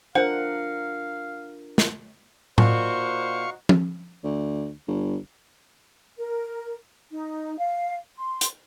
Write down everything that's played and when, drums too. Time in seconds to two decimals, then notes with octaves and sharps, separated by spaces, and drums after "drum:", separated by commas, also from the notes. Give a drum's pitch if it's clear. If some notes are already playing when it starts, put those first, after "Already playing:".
0.15 D4 F4 A#4 C5 F5 F#5
1.78 drum: snare
2.58 A#2 D#4 F#4 C5 F5 C#6, drum: tom A2
3.69 drum: tom F3
4.24 D2
4.88 G1
6.17 A#4
7.10 D#4
7.58 F5
8.17 C6
8.41 drum: hi-hat